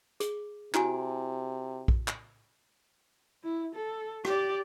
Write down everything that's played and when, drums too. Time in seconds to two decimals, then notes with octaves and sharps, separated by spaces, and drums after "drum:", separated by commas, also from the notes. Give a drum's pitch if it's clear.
0.20 G#4, drum: hi-hat
0.74 C3 E4 F#4 G#5, drum: clap
1.88 drum: kick A#1
2.08 drum: clap
3.43 E4
3.74 A4
4.25 G4 D5, drum: rim click